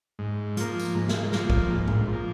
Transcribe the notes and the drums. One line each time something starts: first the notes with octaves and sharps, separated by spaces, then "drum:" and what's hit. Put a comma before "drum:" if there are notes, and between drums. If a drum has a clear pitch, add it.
G#2
F3 A#3, drum: hi-hat
drum: tambourine
G#2
drum: snare
F3 A#3, drum: snare
drum: kick
G#2
drum: tom A2
F3 A#3